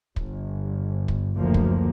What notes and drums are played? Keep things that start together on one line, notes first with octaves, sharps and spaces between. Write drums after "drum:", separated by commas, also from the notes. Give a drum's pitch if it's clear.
G1, drum: kick
drum: kick
F#1 D2 F3 A#3
drum: kick